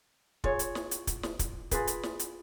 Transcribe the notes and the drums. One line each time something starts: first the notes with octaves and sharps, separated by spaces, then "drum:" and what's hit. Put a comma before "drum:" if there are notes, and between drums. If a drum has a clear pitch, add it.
F4 G#4 C#5, drum: kick
drum: hi-hat
drum: snare
drum: hi-hat
drum: kick, hi-hat
drum: snare
drum: kick, hi-hat
F4 G#4 B4, drum: kick, hi-hat
drum: hi-hat
drum: snare
drum: hi-hat